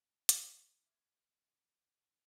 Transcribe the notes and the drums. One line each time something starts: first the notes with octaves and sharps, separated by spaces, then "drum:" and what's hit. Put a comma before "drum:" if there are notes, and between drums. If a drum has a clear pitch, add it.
drum: hi-hat
F4 E5 D6 F6 G#6
A1 G4